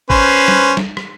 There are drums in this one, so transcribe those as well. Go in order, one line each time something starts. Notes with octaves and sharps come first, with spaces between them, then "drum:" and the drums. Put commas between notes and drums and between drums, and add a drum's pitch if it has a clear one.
C#4 B4 C5, drum: kick
drum: snare
drum: snare
drum: rim click